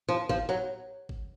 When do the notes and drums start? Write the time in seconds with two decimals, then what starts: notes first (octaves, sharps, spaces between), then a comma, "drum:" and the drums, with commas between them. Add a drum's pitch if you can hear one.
0.09 F3
0.29 F3, drum: kick G#1
0.49 F#3
1.09 drum: kick G#1